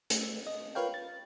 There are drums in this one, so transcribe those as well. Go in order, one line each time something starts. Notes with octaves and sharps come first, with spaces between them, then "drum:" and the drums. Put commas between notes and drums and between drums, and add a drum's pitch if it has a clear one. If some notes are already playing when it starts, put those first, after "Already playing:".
A3, drum: hi-hat
D#5
F4 A#4 B4 C#5 F5 G5
A6